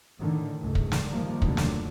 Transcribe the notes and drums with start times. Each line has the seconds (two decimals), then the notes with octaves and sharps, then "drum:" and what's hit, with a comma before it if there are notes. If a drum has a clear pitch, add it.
0.19 A2 D3 D#3
0.59 C#2 G#2 G#3 A3
0.75 drum: kick
0.92 drum: snare
1.06 D3 D#3 F3 G3 A#3
1.42 F1 D2 B2 D3 F3 F#3, drum: kick
1.57 drum: snare